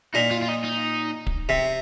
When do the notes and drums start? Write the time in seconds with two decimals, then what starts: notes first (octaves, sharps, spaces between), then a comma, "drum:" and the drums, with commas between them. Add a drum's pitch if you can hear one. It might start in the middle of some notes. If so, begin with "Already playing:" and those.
0.14 A#2 D#4
0.31 F4
0.42 F4
0.48 D#4
0.64 D#4
1.27 drum: kick D1
1.49 C3